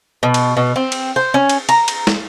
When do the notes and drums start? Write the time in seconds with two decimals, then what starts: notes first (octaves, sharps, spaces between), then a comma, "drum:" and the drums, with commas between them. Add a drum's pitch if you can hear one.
0.23 B2
0.34 drum: cymbal
0.57 B2
0.76 C4
0.92 drum: cymbal
1.16 C5
1.34 C#4
1.49 drum: cymbal
1.69 A#5, drum: cymbal
1.88 drum: cymbal
2.07 drum: snare